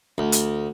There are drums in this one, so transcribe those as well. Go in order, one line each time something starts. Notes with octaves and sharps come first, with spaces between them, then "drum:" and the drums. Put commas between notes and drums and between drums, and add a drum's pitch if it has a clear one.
D2
drum: hi-hat